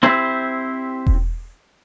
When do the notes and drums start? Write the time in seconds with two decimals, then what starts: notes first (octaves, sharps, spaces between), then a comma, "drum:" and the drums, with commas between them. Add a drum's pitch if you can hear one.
0.03 C4 E4 G4 C5
1.07 drum: kick E1